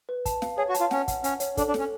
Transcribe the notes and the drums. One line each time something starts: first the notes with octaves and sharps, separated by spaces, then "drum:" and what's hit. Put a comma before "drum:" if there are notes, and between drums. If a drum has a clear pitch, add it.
B4
A5, drum: kick, hi-hat
F5, drum: snare
G#4 C#5
F#4
A5, drum: hi-hat
F4
C#4 F#5, drum: snare
F#5, drum: kick, hi-hat
C#4 F#5, drum: hi-hat
C#5, drum: hi-hat
D4 A4, drum: kick, hi-hat
D4
A4, drum: snare
C#4